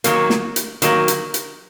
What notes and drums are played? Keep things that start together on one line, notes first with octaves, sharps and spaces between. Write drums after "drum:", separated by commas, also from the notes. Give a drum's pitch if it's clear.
D#3 F#3 A#3, drum: hi-hat
drum: snare
drum: hi-hat
D#3 F#3 A#3, drum: hi-hat
drum: hi-hat
drum: hi-hat